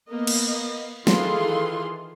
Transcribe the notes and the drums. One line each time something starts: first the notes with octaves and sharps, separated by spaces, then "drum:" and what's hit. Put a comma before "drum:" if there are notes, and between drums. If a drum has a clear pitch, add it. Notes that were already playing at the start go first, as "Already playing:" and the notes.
A#3 B3 D#5
drum: cymbal
D#3 E3 F4 G#4 A4 C6, drum: snare